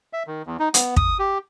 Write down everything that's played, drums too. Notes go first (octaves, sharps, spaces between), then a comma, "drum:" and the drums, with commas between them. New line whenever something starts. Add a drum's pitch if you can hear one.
E5
D#3
E2
D#4
B3, drum: hi-hat
D#6, drum: kick
G4